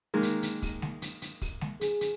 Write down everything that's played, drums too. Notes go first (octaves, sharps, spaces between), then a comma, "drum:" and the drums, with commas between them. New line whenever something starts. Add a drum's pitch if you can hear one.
D#3 G#3 A#3
drum: hi-hat
drum: hi-hat
drum: kick, open hi-hat
drum: snare G#3
drum: hi-hat
drum: hi-hat
drum: kick, open hi-hat
drum: snare G#3
G#4, drum: hi-hat
drum: hi-hat